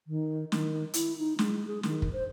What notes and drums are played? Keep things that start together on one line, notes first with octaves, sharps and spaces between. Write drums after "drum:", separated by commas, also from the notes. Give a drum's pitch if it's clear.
D#3
D#3, drum: snare
E4, drum: hi-hat
D#4
G#3, drum: snare
G#4
D#3, drum: snare
drum: kick
C5